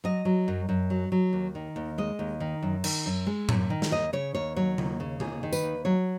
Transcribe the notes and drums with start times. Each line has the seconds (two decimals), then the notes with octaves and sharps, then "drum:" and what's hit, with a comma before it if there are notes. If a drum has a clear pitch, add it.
0.04 F#3 D#5
0.25 F#3
0.48 F#2
0.69 F#2
0.90 F#3
1.12 F#3
1.33 D#2
1.55 D#3
1.76 D#2
1.98 G#3 D#5
2.19 D#2
2.40 D#3
2.62 F#2
2.84 D#3, drum: cymbal
3.06 F#2
3.26 G#3
3.49 F#2, drum: tom A2
3.70 D#3
3.82 drum: snare
3.91 D#2 D#5
4.13 C#3 C#5
4.35 D#2 C#5
4.56 F#3 C#5
4.78 D#2, drum: tom C#3
5.00 C#3
5.20 D#2 G#4, drum: tom C#3
5.43 D#3
5.52 B4, drum: tambourine
5.63 D#2
5.85 F#3 C#5